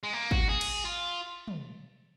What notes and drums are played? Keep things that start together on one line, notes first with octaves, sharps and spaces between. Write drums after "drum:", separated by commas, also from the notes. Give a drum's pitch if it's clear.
G#3
A#3
F#4, drum: kick
G#4
drum: cymbal
F4
drum: tom